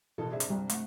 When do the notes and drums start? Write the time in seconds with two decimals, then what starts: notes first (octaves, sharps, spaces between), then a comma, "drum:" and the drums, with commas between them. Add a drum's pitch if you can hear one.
0.18 A1 B2 A4 A5
0.31 G2 C3 G#4 D5 E5
0.40 drum: hi-hat
0.50 C2 G3
0.70 A3 F#5, drum: hi-hat